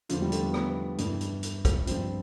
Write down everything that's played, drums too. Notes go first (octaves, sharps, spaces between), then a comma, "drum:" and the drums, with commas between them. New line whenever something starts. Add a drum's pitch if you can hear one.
E2 D3 F3 F4, drum: hi-hat
G3
A3, drum: hi-hat
B3
B3, drum: rim click
G2 E3, drum: hi-hat
drum: hi-hat
drum: hi-hat
drum: kick, hi-hat
G2 F3 C4, drum: hi-hat